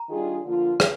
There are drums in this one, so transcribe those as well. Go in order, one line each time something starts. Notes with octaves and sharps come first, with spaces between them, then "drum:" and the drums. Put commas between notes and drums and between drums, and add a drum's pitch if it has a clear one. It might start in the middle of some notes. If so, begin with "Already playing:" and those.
Already playing: A#5
D#3 G3 D4 F4 G#4
D3 F3 A#3 F4
drum: rim click